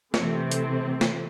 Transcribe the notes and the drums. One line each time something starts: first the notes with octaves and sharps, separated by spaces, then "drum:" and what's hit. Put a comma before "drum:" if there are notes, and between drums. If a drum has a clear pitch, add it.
C3 E3 A3 C4, drum: snare
drum: hi-hat
drum: snare